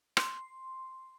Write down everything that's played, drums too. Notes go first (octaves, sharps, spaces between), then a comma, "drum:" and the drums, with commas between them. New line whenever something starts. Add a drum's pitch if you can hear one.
C6, drum: rim click